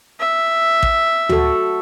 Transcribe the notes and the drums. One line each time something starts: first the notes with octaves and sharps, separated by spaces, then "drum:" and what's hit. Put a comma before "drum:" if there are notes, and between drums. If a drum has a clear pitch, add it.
E5
drum: kick A1
F#4 A4, drum: tom D2